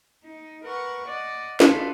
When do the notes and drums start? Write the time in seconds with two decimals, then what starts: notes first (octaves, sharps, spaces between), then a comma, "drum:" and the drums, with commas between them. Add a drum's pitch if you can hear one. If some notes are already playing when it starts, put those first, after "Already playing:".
0.23 D#4
0.63 A#4 B4 F#5 C#6
1.07 D5 D#5 F#5
1.60 A4 B4 C5 D5 F5, drum: snare